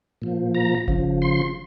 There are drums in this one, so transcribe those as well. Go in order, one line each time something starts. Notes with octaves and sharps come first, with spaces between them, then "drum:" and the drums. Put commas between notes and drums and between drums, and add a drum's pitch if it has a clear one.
A#2 F3
A#5
C#3 F3, drum: kick F#1
C6